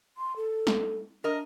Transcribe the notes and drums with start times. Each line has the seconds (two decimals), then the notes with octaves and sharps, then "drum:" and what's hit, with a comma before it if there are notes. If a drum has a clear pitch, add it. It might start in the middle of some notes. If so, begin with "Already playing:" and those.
0.17 C6
0.36 A4
0.67 drum: snare
1.24 D4 A#4 D#5